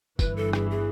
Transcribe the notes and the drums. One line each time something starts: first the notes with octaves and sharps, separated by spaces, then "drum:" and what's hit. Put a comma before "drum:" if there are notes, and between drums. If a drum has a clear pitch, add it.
G1 G2 E3 B4, drum: kick, tambourine
A4
G#4, drum: rim click
G#4